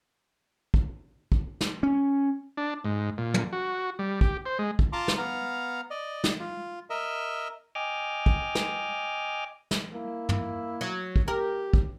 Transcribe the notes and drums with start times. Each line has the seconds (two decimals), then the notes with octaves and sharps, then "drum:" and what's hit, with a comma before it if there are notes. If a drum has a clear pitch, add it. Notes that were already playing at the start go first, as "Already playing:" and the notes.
0.74 drum: kick
1.32 drum: kick
1.61 drum: snare
1.83 C#4
2.57 D4
2.85 G#2
3.18 A#2
3.34 drum: tom
3.53 F#4
3.99 G3
4.21 G4, drum: kick
4.46 C5
4.59 G#3
4.79 drum: kick
4.93 F4 A5 A#5 C6 D6
5.08 drum: snare
5.18 B3 F5 A#5
5.90 D5 D#5
6.24 drum: snare
6.40 F4
6.90 A#4 D#5 E5
7.75 D#5 G5 G#5 D6 F6
8.26 drum: kick
8.55 drum: snare
9.71 drum: snare
9.94 A#3 E4
10.29 drum: tom
10.81 F#3
11.16 drum: kick
11.28 G4 A#4
11.74 drum: kick